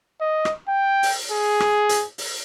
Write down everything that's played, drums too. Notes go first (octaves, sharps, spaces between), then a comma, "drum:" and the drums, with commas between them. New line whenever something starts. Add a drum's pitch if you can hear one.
D#5
drum: rim click
G5
drum: open hi-hat
G#4
drum: rim click
drum: hi-hat
drum: open hi-hat